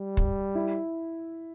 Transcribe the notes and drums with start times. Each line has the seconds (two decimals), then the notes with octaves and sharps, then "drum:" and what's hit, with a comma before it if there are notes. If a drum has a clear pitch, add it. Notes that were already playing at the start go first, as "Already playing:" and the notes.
Already playing: G3
0.17 drum: kick
0.55 E4